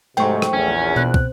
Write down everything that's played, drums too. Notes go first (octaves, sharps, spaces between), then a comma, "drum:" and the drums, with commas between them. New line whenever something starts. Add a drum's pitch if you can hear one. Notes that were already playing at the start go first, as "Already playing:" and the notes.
G#2 C3 F#3 A3 C5 G5 C#6
drum: rim click
A#1 E2 C#4
B2 C4 F#6
drum: kick